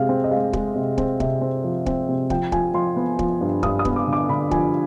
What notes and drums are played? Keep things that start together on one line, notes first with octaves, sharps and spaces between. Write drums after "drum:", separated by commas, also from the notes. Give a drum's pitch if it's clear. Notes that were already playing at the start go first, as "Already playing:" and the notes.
Already playing: C3 G#3 F5
C4
D#5
G#3 F5
G#3, drum: kick
C3
C4, drum: kick
C3, drum: kick
C4
F3
C4, drum: kick
C3
F3 G5, drum: kick
F3 G#5, drum: kick
F3 C6
B3
F3, drum: kick
G2
G2 D#6, drum: kick
D#6
B3, drum: kick
D6
D3
D6
D3 B5
F3 G#5, drum: kick